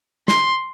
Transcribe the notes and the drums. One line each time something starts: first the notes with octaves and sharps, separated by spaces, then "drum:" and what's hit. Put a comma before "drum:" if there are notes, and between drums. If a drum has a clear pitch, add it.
C6, drum: snare